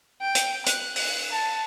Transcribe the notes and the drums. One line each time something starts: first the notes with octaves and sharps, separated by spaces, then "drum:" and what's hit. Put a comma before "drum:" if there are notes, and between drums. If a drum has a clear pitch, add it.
G5
drum: hi-hat
F#6, drum: hi-hat
F#6, drum: open hi-hat
A5